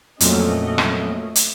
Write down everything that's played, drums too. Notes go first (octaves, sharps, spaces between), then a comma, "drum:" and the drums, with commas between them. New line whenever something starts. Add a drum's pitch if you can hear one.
F2 A#2 F#3 A3 C#4 D#5, drum: hi-hat
drum: rim click
drum: hi-hat